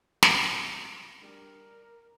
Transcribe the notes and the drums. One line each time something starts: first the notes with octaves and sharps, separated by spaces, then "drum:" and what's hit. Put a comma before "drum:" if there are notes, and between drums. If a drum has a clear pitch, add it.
drum: snare
G3 D4 A#4